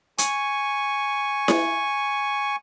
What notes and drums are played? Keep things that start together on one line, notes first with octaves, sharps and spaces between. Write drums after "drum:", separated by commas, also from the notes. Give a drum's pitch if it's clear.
G#5 C#6, drum: hi-hat
drum: snare E4